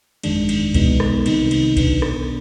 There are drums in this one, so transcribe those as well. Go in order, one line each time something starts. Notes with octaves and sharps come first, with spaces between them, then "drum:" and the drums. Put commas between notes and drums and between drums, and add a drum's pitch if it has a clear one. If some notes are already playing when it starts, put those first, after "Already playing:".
G1 F2 D#3 G#3 D4, drum: cymbal
drum: cymbal
B1 B2 G#3 B3 D#4, drum: kick C2, cymbal
drum: rim click
C2 C3 D#3 B3 D#4, drum: cymbal
drum: cymbal
B1 B2 B3 D4, drum: kick C2, cymbal
drum: rim click